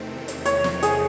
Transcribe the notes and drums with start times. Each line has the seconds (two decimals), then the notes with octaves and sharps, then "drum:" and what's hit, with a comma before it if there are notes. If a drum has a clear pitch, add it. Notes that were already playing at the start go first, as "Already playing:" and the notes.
Already playing: E2 C3 D#3 A3 C4
0.28 drum: hi-hat
0.45 C#5, drum: hi-hat
0.64 drum: snare
0.83 G#4, drum: hi-hat